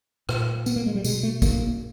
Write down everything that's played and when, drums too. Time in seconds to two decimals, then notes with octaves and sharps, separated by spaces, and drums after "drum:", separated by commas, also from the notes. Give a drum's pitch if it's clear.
0.29 A#2, drum: rim click
0.66 B3, drum: tambourine
0.76 A#3
0.86 G#3
0.95 G3
1.04 B2 G#3, drum: tambourine
1.23 A3
1.42 A#3, drum: kick, tambourine